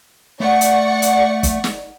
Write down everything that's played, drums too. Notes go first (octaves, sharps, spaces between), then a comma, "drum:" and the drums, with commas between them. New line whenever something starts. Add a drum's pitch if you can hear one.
A3 D5 F#5 C#6
drum: hi-hat
drum: hi-hat
drum: kick, hi-hat
drum: snare